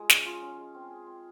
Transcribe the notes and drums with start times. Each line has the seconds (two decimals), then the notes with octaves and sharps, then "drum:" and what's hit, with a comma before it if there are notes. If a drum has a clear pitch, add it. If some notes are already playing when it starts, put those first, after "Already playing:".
Already playing: G#3 F4
0.10 C#4, drum: snare
0.26 F4
0.42 C#4
0.58 G#3
0.74 C4
0.91 G#4
1.07 C4